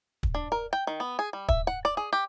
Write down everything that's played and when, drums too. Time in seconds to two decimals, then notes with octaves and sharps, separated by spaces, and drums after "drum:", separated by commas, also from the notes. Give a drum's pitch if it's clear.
0.23 drum: kick
0.35 D4
0.52 A#4
0.73 G5
0.87 D#3
1.00 B3
1.19 G#4
1.33 G3
1.49 E5, drum: kick
1.67 F#5
1.85 D5
1.97 G#4
2.13 G4